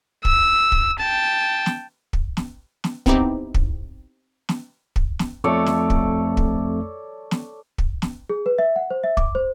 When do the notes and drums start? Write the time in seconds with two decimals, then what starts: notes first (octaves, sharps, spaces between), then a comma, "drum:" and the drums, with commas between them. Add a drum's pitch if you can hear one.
0.25 E6, drum: kick
0.72 drum: kick
0.99 G5 A5
1.66 drum: snare
2.13 drum: kick
2.37 drum: snare
2.84 drum: snare
3.06 B3 C4 D#4 E4 G4, drum: kick
3.54 drum: kick
4.49 drum: snare
4.96 drum: kick
5.19 drum: snare
5.44 F2 A3 A4 C#5 D5
5.66 drum: snare
5.90 drum: kick
6.37 drum: kick
7.31 drum: snare
7.78 drum: kick
8.02 drum: snare
8.30 G#4
8.46 B4
8.58 E5
8.76 F#5
8.91 C5
9.04 E5
9.17 D6, drum: kick
9.35 C5